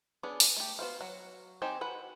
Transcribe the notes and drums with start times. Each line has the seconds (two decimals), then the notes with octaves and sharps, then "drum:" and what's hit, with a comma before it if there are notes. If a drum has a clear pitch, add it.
0.23 B3 C#4 D4 G#4
0.40 drum: open hi-hat
0.57 A3 G4
0.79 B3 F#4 C5 F5
1.01 F#3 F#4
1.62 C4 D#4 G4 C5 G#5
1.81 F#4 B4 F#5